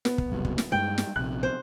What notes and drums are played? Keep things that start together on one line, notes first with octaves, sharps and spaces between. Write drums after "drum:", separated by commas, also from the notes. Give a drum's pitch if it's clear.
B3, drum: snare
drum: kick
F#1 C2 B2
drum: kick
drum: snare
G2 G3 G#3 G5
drum: snare
A#1 C3 F#6
C5